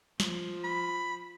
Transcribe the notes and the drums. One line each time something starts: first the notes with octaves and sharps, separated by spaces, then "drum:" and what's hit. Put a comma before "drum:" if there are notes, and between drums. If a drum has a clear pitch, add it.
F3, drum: snare
B5